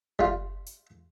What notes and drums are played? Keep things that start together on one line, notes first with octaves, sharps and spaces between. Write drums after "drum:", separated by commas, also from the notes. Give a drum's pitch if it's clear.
G3 F4, drum: kick F#1
drum: hi-hat